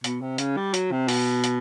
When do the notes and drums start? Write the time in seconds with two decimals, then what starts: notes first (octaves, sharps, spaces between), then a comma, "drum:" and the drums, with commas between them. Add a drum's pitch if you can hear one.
0.04 B2, drum: hi-hat
0.21 C3
0.38 C#3, drum: hi-hat
0.57 G3
0.74 F#3, drum: hi-hat
0.91 C3
1.08 B2, drum: open hi-hat
1.44 drum: hi-hat